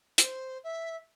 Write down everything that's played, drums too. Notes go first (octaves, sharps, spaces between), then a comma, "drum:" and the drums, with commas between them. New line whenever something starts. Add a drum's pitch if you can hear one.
C5, drum: hi-hat
E5